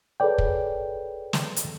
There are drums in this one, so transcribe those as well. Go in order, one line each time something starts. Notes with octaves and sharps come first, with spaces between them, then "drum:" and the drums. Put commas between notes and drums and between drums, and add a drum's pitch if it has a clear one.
G#4 A4 B4 C#5 D5 G5
drum: kick
drum: snare
drum: hi-hat